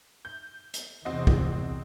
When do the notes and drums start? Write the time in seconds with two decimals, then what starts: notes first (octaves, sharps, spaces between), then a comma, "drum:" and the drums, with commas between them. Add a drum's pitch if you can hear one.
0.25 G6
0.74 drum: hi-hat
1.05 E2 C3 C4 F#4 D#5
1.27 drum: kick